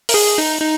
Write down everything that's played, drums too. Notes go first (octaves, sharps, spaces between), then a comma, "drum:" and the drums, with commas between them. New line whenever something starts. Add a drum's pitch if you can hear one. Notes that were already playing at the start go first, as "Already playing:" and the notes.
A#4, drum: open hi-hat
G#4
D#4
D#4